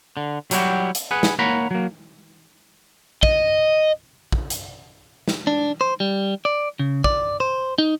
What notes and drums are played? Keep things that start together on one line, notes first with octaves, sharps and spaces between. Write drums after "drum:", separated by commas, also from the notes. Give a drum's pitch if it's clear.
D3
F#3 G3 D#4 E4 F#4 G4, drum: hi-hat
drum: hi-hat
G#4 B4 F#5
drum: snare
A#3 C#5 F#5 A#5 B5
F#3 A#3
D#5, drum: kick
drum: kick
drum: hi-hat
drum: snare
D4
C5
G3
D5
C#3
D5, drum: kick
C5
D#4